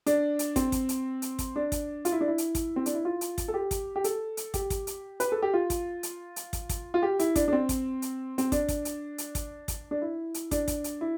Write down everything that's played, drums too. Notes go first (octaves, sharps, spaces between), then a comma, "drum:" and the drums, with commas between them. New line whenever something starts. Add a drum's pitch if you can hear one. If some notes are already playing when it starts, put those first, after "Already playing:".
D4, drum: hi-hat
drum: hi-hat
C4, drum: kick, hi-hat
drum: kick, hi-hat
drum: hi-hat
drum: hi-hat
drum: kick, hi-hat
D4
drum: kick, hi-hat
F4, drum: hi-hat
E4
D4
E4
drum: hi-hat
drum: kick, hi-hat
C4
D4, drum: hi-hat
E4
F4
drum: hi-hat
drum: kick, hi-hat
A4
G4
drum: kick, hi-hat
G4
A4, drum: hi-hat
drum: hi-hat
G4, drum: kick, hi-hat
drum: kick, hi-hat
drum: hi-hat
B4, drum: hi-hat
A4
G4
F4
drum: kick, hi-hat
drum: hi-hat
drum: hi-hat
drum: kick, hi-hat
drum: kick, hi-hat
F4
G4
E4, drum: hi-hat
D4, drum: kick, hi-hat
D4
C4
drum: kick, hi-hat
drum: hi-hat
C4, drum: hi-hat
D4, drum: kick, hi-hat
drum: kick, hi-hat
drum: hi-hat
drum: hi-hat
drum: kick, hi-hat
drum: kick, hi-hat
D4
E4
drum: hi-hat
D4, drum: kick, hi-hat
drum: kick, hi-hat
drum: hi-hat
E4